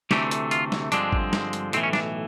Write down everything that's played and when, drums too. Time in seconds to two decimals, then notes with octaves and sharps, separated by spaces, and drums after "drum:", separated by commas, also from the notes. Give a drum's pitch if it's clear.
0.11 D2 C3 E3 A3 C4 G4, drum: snare
0.31 drum: hi-hat
0.51 F4, drum: hi-hat
0.72 drum: snare
0.92 G2 D3 F3 G#3 C4 D4, drum: hi-hat
1.13 drum: kick G#1
1.33 drum: snare
1.53 drum: hi-hat
1.73 B1 A2 E3 C4, drum: hi-hat
1.83 C#4
1.93 D4, drum: snare